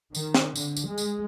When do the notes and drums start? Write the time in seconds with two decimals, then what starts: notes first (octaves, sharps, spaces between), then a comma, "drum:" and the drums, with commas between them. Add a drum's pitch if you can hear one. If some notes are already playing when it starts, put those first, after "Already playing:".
0.15 D#3, drum: tambourine
0.34 drum: snare
0.56 D3, drum: tambourine
0.77 drum: tambourine
0.87 G#3
0.98 drum: tambourine